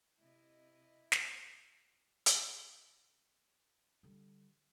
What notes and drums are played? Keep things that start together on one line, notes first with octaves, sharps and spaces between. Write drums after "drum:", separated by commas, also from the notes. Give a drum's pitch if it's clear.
C3 E4 D#5
drum: snare
drum: hi-hat
D3 G3